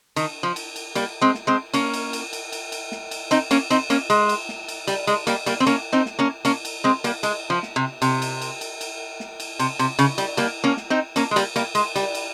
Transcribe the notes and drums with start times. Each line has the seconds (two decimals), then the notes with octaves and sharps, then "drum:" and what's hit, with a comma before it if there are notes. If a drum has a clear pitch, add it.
0.16 D#3, drum: cymbal
0.43 F3
0.56 drum: cymbal
0.76 drum: cymbal
0.95 G3 A#3, drum: cymbal
1.21 G#3 C4
1.35 drum: snare
1.47 G#3 C4
1.73 A#3 C#4, drum: cymbal
1.94 drum: cymbal
2.13 drum: cymbal
2.33 drum: cymbal
2.52 drum: cymbal
2.72 drum: cymbal
2.92 drum: snare
3.11 drum: cymbal
3.31 C4 D#4, drum: cymbal
3.51 A#3 C#4, drum: cymbal
3.70 C4 D#4, drum: cymbal
3.90 A#3 C#4, drum: cymbal
4.10 G#3, drum: cymbal
4.29 drum: cymbal
4.49 drum: snare
4.68 drum: cymbal
4.87 G3, drum: cymbal
5.07 G#3, drum: cymbal
5.27 G3 A#3, drum: cymbal
5.46 G3 A#3, drum: cymbal
5.60 C4
5.66 A#3 C#4, drum: cymbal
5.92 C4 D#4
6.06 drum: snare
6.19 A#3 C#4
6.45 A#3 C#4, drum: cymbal
6.65 drum: cymbal
6.84 G#3 C4
7.04 G3 A#3, drum: cymbal
7.23 G#3, drum: cymbal
7.50 F3
7.63 drum: snare
7.76 C3
8.02 C3, drum: cymbal
8.22 drum: cymbal
8.41 drum: cymbal
8.61 drum: cymbal
8.81 drum: cymbal
9.20 drum: snare
9.40 drum: cymbal
9.59 C3, drum: cymbal
9.79 C3, drum: cymbal
9.99 C#3, drum: cymbal
10.18 G3, drum: cymbal
10.37 G3 A#3, drum: cymbal
10.64 A#3 C#4
10.77 drum: snare
10.90 C4 D#4
11.16 A#3 C#4, drum: cymbal
11.31 G#3
11.36 G3 A#3, drum: cymbal
11.56 G3 A#3, drum: cymbal
11.75 G#3, drum: cymbal
11.96 G3, drum: cymbal
12.15 drum: cymbal